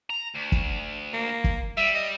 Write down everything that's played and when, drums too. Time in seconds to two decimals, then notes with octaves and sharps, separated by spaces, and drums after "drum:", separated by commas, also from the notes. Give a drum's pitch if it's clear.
0.10 A#5
0.35 D2
0.52 drum: kick
1.14 A#3
1.44 drum: kick
1.77 G3 E5
1.95 D#5